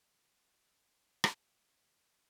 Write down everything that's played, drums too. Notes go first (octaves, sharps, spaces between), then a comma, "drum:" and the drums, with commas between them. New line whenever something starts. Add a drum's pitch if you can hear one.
B1 F2 F3
drum: rim click